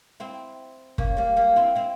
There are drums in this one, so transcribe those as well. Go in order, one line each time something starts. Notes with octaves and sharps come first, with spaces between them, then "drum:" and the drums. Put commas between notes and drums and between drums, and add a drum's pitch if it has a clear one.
C4 E4
A#3 C#4, drum: kick
G3 A#3
G3 A#3
C4 E4
C4 E4